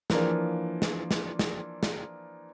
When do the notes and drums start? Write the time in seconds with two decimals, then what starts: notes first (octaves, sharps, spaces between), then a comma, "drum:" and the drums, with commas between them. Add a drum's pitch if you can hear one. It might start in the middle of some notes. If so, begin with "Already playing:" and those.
0.10 E3 F3 A#3 D4, drum: snare
0.82 drum: snare
1.11 drum: snare
1.39 drum: snare
1.83 drum: snare